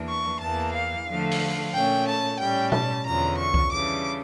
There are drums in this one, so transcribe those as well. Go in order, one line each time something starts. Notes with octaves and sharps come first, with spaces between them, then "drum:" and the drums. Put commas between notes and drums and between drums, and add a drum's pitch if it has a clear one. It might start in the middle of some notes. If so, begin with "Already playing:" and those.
Already playing: E2 E3 A#3 D4
C#6
E2 E3 A#3 A5
F5
D3 F3 A3 D4
drum: open hi-hat
A#2 A3 C#4 G5
A5
A2 G3 C#4 G5
A5, drum: tom B2
E2 D3 F3 C#4 A#5
C#6
drum: kick C2
C#3 E3 G3 D4 D6